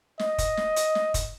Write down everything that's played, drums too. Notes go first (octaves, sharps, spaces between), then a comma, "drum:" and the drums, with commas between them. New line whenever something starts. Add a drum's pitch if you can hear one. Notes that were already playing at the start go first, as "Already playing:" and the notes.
D#5, drum: snare
drum: kick, hi-hat
drum: snare
drum: hi-hat
drum: snare
drum: kick, hi-hat